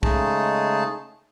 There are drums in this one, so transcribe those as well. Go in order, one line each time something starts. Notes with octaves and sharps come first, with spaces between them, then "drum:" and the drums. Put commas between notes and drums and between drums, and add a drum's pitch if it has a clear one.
C#3 G#3 A3 D#4 G#4 A5, drum: kick